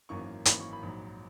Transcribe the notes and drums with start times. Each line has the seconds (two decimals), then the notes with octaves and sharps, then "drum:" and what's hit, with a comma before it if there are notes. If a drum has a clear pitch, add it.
0.09 G#1 F#2 E3 A#3 C#6
0.45 G#1 F#2 E3 A#3 B5, drum: hi-hat
0.60 C#6
0.73 B5
0.82 A#1 G#2 F#3